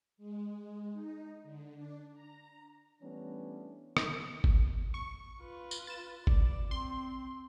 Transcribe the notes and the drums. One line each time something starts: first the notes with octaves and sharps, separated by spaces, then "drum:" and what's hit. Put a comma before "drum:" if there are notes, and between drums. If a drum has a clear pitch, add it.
G#3
G#3
D#4
D3
D4
A#5
E3 G3 A3 B3 C#4 D4
drum: rim click
drum: kick G1
C#6
F4 B4
drum: tambourine
A6 E7
D5, drum: kick G1
C4 C6